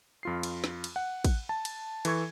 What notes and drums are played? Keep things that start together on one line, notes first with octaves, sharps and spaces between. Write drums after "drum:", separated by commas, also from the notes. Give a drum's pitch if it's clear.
F2 F4 C7
drum: cymbal
drum: snare
drum: cymbal
F#5
drum: kick, cymbal
A5
drum: cymbal
E3 A4 C#6 G#6, drum: cymbal